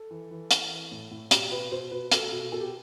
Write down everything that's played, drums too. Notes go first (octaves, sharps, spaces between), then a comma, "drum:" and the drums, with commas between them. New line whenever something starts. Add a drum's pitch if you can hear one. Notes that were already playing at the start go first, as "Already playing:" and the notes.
Already playing: A4
E3
E3
E3, drum: hi-hat
E3
A2
A2
B2 G4, drum: hi-hat
B2 B4
B2 C5
B2 B4
B2 A4, drum: hi-hat
B2
B2 A4
G4